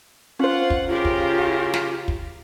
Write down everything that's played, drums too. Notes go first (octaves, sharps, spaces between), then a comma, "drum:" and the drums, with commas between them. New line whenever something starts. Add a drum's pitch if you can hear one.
C#4 F4 C5 F#5
drum: kick
C#3 F4 G4 A#4
drum: kick
drum: snare
drum: kick